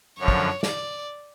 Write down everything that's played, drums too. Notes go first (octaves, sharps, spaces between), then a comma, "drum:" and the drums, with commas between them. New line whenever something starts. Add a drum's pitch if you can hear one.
F#2 D3 F3 C#5
drum: kick
D5, drum: snare